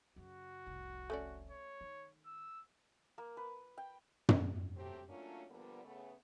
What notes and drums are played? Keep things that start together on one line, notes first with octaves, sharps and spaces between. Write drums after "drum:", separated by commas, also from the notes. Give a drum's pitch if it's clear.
F#2 C#3 F#4
F1 C2
A3 C#4 D5
C#5
D#3
E6
A#3
B4
G5
drum: tom
F#3 A3 C4 G4
F#3 A3 A#3 C#4 D4 F4
D3 F3 G3 A#3 B3
C#3 A3 B3